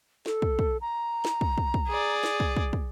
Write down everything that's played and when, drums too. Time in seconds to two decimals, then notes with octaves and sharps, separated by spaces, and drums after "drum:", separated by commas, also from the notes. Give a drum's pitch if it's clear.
0.26 A4, drum: snare
0.42 drum: kick
0.59 drum: kick
0.81 A#5
1.25 drum: snare
1.41 drum: kick
1.58 drum: kick
1.74 drum: kick
1.88 G#4 D5
2.24 drum: snare
2.40 drum: kick
2.56 drum: kick
2.73 drum: kick